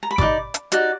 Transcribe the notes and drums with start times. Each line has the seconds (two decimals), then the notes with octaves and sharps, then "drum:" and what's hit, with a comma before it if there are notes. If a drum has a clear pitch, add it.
0.03 A#5
0.11 B5
0.18 D#4 F#4 D5 D6, drum: kick G#1
0.54 drum: hi-hat
0.72 D#4 F#4 D5, drum: hi-hat